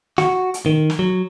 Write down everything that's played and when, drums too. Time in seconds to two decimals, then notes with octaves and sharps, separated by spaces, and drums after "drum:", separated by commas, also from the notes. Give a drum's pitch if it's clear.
0.18 F#4, drum: snare
0.54 drum: hi-hat
0.66 D#3
0.90 drum: snare
0.99 F#3